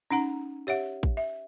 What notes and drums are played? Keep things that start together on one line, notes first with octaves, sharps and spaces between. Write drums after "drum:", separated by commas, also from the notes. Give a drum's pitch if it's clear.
C#4 D#4 F#5 A#5
G4 C#5 E5 F#5
drum: kick A1
E5